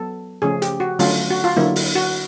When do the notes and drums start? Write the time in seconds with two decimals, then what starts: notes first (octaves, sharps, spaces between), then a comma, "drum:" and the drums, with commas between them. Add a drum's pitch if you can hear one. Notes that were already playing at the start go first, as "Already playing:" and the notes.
Already playing: F#3 B3 A4
0.42 C#3 F3 A3 C#4 G#4
0.62 G4, drum: hi-hat
0.80 F#4
0.99 D3 F#3 A3 C#4 F4, drum: open hi-hat
1.31 F#4
1.44 F4
1.56 D3 F#3 A#3 E4
1.76 drum: open hi-hat
1.95 F#4